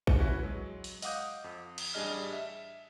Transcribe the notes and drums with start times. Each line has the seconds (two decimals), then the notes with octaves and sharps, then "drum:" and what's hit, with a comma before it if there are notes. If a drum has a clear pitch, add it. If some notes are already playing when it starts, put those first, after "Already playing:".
0.07 drum: kick A1
0.19 C#4 E4 F#4 B4
0.43 F#3 G#3
0.84 drum: open hi-hat
1.02 D#5 F5 F#5 D6 D#6 G6, drum: open hi-hat
1.44 F2
1.78 drum: cymbal
1.94 A1 G3 D4 G#4 D#5 F6
2.33 E5